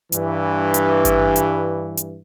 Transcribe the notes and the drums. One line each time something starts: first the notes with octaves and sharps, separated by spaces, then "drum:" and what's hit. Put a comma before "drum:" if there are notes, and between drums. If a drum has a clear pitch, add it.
G2 E3, drum: hi-hat
drum: hi-hat
drum: kick G#1, hi-hat
drum: hi-hat
drum: hi-hat